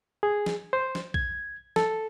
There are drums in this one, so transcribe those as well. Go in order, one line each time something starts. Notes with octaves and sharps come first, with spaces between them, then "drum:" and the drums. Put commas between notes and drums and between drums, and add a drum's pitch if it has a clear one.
G#4
drum: snare
C5
drum: snare
G#6, drum: kick B1
A4, drum: snare